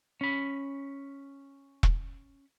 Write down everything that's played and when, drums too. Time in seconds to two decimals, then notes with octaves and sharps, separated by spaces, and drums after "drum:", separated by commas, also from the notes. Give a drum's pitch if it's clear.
0.21 C#4 B5
1.83 drum: kick E1